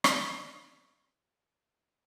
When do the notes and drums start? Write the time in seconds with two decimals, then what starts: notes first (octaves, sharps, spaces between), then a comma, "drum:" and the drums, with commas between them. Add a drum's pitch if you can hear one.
0.04 drum: rim click
0.14 C#3 C4